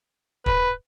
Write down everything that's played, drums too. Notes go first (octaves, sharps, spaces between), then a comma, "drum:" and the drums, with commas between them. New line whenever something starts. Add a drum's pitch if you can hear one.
B4, drum: kick